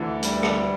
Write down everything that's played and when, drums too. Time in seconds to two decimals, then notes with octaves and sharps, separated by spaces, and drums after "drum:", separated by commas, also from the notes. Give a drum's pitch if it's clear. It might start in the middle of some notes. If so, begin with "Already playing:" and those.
Already playing: D2 D3 E3
0.23 G3, drum: hi-hat
0.43 drum: rim click